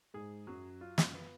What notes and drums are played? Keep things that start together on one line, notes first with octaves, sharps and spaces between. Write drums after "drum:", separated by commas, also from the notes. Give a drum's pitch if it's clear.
G#2 G#4
F#2 F#3
F4
F#2, drum: snare
B3